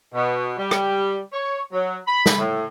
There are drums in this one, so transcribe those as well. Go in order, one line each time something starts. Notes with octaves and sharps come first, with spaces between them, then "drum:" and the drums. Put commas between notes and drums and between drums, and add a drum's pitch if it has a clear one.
B2
G3
drum: rim click
C#5
F#3
B5
drum: snare
A2